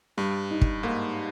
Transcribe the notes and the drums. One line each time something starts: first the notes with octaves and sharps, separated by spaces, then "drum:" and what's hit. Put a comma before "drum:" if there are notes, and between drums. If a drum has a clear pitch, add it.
G2 G3
D#4
drum: kick
G#2 A#3